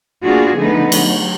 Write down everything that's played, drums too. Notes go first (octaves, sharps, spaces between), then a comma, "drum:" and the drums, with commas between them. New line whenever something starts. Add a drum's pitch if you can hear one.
A#3 B3 D4 F4 F#4 G#4
D3 F3 A3 B3 D#4
drum: cymbal
F#3